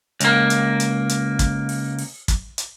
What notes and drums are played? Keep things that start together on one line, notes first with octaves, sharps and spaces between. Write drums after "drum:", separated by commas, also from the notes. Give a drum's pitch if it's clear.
C#2 A#3, drum: hi-hat
drum: hi-hat
drum: hi-hat
drum: hi-hat
drum: kick, hi-hat
drum: open hi-hat
drum: open hi-hat
drum: kick, hi-hat
drum: hi-hat